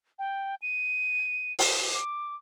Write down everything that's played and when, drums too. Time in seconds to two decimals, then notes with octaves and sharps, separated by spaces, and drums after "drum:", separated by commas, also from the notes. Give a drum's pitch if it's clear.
0.19 G5
0.62 D#7
1.59 drum: open hi-hat
1.94 D6